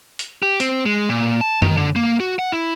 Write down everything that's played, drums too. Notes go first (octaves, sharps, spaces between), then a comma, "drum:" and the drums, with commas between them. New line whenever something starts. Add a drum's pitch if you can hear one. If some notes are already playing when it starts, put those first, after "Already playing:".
drum: hi-hat
G4
C4, drum: hi-hat
G#3
A#2
A5
D#3, drum: tom F#2
D3
A#3
F#4
F#5
E4